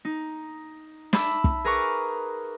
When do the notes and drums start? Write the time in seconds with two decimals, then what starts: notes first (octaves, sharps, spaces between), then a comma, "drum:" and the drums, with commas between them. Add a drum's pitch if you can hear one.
0.05 D#4
1.13 E5 A5 B5 D6 E6, drum: snare
1.44 drum: kick
1.65 G#4 A#4 B4 A#5 C#6 D6